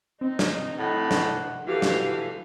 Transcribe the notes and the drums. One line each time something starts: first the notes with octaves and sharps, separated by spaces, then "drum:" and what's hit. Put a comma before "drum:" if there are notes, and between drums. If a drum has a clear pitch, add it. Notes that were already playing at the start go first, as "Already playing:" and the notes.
C4 D#4 D#5
drum: snare
A2 F#5
drum: snare
E3 F#4 G4 A4 F5
drum: snare